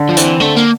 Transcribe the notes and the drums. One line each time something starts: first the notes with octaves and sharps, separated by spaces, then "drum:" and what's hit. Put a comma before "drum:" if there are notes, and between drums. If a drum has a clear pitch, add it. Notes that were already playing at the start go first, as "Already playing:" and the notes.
Already playing: D3
F3
E3 C4, drum: hi-hat
D3 A3
A#3